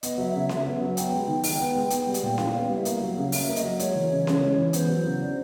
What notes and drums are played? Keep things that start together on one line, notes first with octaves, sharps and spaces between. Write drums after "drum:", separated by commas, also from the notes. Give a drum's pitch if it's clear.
B3 D#5, drum: hi-hat
F#3 E5
C#3 E5
C#3 E5, drum: snare C#4
B3
F#3
B3 G5, drum: hi-hat
G#3
D#3
D#4, drum: open hi-hat
B3
G#3
B3 G5, drum: hi-hat
G3
G5, drum: hi-hat
A#2
E4 F5, drum: snare C#4
B3
G3
E5
A#3 F5, drum: hi-hat
F#3
C#3
C#4 E5, drum: open hi-hat
A#3
D#5, drum: hi-hat
F#3
G#3 C#5, drum: hi-hat
E3
C#3
C#3, drum: snare C#4
G#3
E3
B3 C5, drum: hi-hat
F#3
C#3
D4